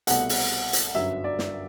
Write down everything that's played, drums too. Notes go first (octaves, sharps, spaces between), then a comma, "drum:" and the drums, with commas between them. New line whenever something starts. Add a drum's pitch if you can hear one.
C2 B2 A3 F#5, drum: hi-hat
drum: open hi-hat
drum: hi-hat
G1 F#2 F#3 E5
D5
drum: snare